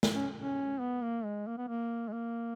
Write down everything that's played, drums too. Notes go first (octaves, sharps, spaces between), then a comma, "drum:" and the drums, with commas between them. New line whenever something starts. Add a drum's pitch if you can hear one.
drum: snare
C#4
C#4
B3
A#3
G#3
A#3
B3
A#3
G#3
A#3